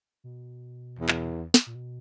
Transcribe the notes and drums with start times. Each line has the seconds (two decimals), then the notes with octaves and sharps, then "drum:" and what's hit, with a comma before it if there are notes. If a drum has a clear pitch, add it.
0.24 B2
0.99 E2
1.09 drum: clap
1.54 drum: snare
1.66 A#2
1.75 B2